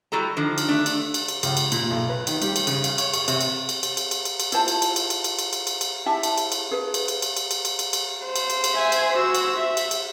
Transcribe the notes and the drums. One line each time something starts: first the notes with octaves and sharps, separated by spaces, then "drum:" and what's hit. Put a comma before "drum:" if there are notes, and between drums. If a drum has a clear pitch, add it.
G3 E4 F#4 A4 A#5
D3 D#3 F3 D4
drum: cymbal
A3 D4
drum: cymbal
drum: cymbal
drum: cymbal
C#2, drum: cymbal
drum: cymbal
A#2, drum: cymbal
B1
B4
D#3, drum: cymbal
G3, drum: cymbal
drum: cymbal
C#3, drum: cymbal
F5, drum: cymbal
C#5, drum: cymbal
C#6, drum: cymbal
C3, drum: cymbal
drum: cymbal
drum: cymbal
drum: cymbal
drum: cymbal
drum: cymbal
drum: cymbal
drum: cymbal
E4 F4 C5 A5, drum: cymbal
drum: cymbal
drum: cymbal
drum: cymbal
drum: cymbal
drum: cymbal
drum: cymbal
drum: cymbal
drum: cymbal
drum: cymbal
E4 G4 E5 A5
drum: cymbal
drum: cymbal
drum: cymbal
G#4 B4
drum: cymbal
drum: cymbal
drum: cymbal
drum: cymbal
drum: cymbal
drum: cymbal
drum: cymbal
drum: cymbal
C5
drum: cymbal
drum: cymbal
drum: cymbal
E5 G#5
drum: cymbal
F#4 E6
drum: cymbal
E5
drum: cymbal
drum: cymbal